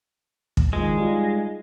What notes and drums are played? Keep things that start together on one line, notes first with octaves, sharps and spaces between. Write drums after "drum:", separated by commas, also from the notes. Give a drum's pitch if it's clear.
drum: kick
D#3 F3 G#3
G3 D#4 F4